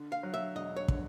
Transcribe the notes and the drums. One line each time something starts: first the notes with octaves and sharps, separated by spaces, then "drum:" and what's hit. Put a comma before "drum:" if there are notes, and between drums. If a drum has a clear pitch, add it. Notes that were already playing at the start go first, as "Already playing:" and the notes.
Already playing: D3
F5
F#3
E5
E1 D#5
C#5
D3, drum: kick